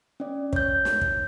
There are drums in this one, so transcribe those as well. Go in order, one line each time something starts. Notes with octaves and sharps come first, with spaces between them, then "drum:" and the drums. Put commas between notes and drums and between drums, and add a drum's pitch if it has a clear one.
C#4 D5
C#5 G6, drum: kick
drum: snare
drum: kick